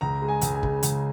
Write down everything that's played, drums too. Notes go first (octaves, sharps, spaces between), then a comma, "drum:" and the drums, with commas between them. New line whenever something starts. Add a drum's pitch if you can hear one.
C#2 A#5
G#3
G#5
C#2, drum: hi-hat
G#5
C#3, drum: kick
C#2, drum: hi-hat